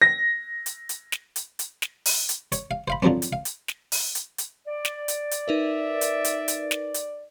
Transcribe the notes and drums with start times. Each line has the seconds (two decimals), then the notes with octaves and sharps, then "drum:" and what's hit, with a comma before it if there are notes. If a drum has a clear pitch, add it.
0.02 A#6
0.66 drum: hi-hat
0.89 drum: hi-hat
1.12 drum: snare
1.36 drum: hi-hat
1.59 drum: hi-hat
1.82 drum: snare
2.05 drum: open hi-hat
2.29 drum: hi-hat
2.52 C#5, drum: hi-hat
2.71 F5
2.88 C5 F5 B5
3.02 D3 F3 F#3 C4 C#4
3.22 drum: hi-hat
3.33 F5
3.45 drum: hi-hat
3.68 drum: snare
3.92 drum: open hi-hat
4.15 drum: hi-hat
4.38 drum: hi-hat
4.68 D5
4.85 drum: snare
5.08 drum: hi-hat
5.31 drum: hi-hat
5.48 D#4 A#4 B4 E5
6.01 drum: hi-hat
6.24 drum: hi-hat
6.48 drum: hi-hat
6.71 drum: snare
6.94 drum: hi-hat